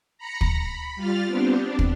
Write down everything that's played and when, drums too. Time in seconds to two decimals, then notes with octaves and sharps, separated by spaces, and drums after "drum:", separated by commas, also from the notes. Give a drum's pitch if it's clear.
0.18 A#5 B5 A#6 C#7
0.41 drum: kick
0.61 B5
0.95 G3 F4 F6 A6
1.27 B3 C4 D4 G4
1.58 D4
1.79 drum: kick